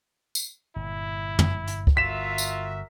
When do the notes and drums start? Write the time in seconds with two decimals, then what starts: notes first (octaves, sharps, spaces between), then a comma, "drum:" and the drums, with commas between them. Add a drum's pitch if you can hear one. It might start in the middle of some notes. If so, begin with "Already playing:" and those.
0.35 drum: tambourine
0.76 G1 A#2 E4
1.39 drum: tom
1.67 drum: hi-hat
1.87 drum: kick C#2
1.97 G1 D3 F4 F#4 A#4 E5 B6 E7
2.38 drum: tambourine